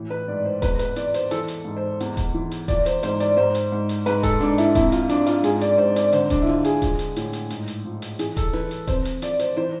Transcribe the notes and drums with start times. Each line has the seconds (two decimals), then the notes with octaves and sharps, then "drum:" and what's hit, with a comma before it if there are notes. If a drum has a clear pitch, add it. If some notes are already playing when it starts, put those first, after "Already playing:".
Already playing: A2 E3
0.10 B4
0.28 G#2 D5
0.45 C5
0.62 E2 B4, drum: kick D#1, hi-hat
0.79 B4, drum: hi-hat
0.96 E2 D5, drum: hi-hat
1.14 C5, drum: hi-hat
1.31 E3 A4, drum: hi-hat
1.48 drum: hi-hat
1.65 G#2
1.77 C5
2.00 E2, drum: hi-hat
2.17 drum: kick D#1, hi-hat
2.34 E3
2.51 drum: hi-hat
2.68 F3 D5, drum: kick D#1, hi-hat
2.86 C5, drum: hi-hat
3.03 G#2 C5, drum: hi-hat
3.20 D5, drum: hi-hat
3.37 G#2 C5
3.55 drum: hi-hat
3.72 G#2
3.89 drum: hi-hat
4.06 G#2 B4, drum: hi-hat
4.23 A4, drum: kick D#1, hi-hat
4.41 G#2 D4, drum: open hi-hat
4.58 E4, drum: hi-hat
4.75 F2 E4, drum: kick D#1, hi-hat
4.92 F4, drum: hi-hat
5.09 F3 D4, drum: hi-hat
5.26 F4, drum: hi-hat
5.44 G#2 G#4, drum: hi-hat
5.61 D5, drum: hi-hat
5.78 G#2 C5
5.96 D5, drum: hi-hat
6.12 D3 C5, drum: hi-hat
6.30 D4, drum: kick D#1, hi-hat
6.42 E4
6.47 D3 F4, drum: open hi-hat
6.65 G#4, drum: hi-hat
6.82 F3, drum: kick D#1, hi-hat
6.99 drum: hi-hat
7.16 A2, drum: hi-hat
7.33 drum: hi-hat
7.50 G#2, drum: hi-hat
7.68 drum: hi-hat
7.85 F3
8.02 drum: hi-hat
8.19 E3 G#4, drum: hi-hat
8.37 A4, drum: kick D#1, hi-hat
8.53 E3 B4, drum: open hi-hat
8.71 drum: hi-hat
8.87 F2 C5, drum: kick D#1, hi-hat
9.05 drum: hi-hat
9.22 F3 D5, drum: hi-hat
9.39 C5, drum: hi-hat
9.57 E3 C5